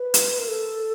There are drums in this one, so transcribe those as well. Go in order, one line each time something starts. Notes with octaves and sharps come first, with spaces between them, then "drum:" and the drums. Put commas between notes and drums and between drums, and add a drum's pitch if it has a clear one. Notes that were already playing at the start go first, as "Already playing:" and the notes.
Already playing: B4
drum: hi-hat
A#4
A4